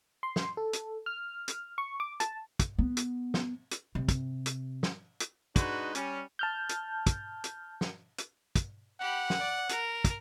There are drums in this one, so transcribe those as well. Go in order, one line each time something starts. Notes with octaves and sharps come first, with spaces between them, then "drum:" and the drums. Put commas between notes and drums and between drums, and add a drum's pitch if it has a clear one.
C6
drum: snare
A4
drum: hi-hat
F6
drum: hi-hat
C#6
D6
A5, drum: hi-hat
drum: kick, hi-hat
B3
drum: hi-hat
drum: snare
drum: hi-hat
C3
drum: kick, hi-hat
drum: hi-hat
drum: snare
drum: hi-hat
G#3 D4 D#4 F#4 B4, drum: kick, hi-hat
G3 C#4, drum: hi-hat
A5 F6 G6
drum: hi-hat
drum: kick, hi-hat
drum: hi-hat
drum: snare
drum: hi-hat
drum: kick, hi-hat
G4 F#5 B5
drum: snare
D5
A#4, drum: hi-hat
drum: kick, hi-hat